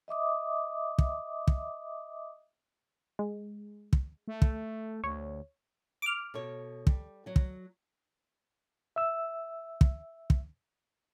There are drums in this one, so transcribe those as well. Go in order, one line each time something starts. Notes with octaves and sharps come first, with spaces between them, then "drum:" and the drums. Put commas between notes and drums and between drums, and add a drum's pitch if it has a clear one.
D#5 E5 D6 D#6
drum: kick
drum: kick
G#3
drum: kick
A3
drum: kick
D2 C#5
D6 F6
B2 A4 C#5
G3, drum: kick
F#3 F#4
drum: kick
E5 E6
drum: kick
drum: kick